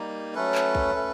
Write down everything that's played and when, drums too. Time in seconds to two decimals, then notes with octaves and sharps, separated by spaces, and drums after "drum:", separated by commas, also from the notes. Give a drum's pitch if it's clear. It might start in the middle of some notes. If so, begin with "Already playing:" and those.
Already playing: G3 A#3 D#4
0.35 F#3 A3 C#4 A4 B4
0.55 drum: clap
0.75 drum: kick
0.94 A3 C#4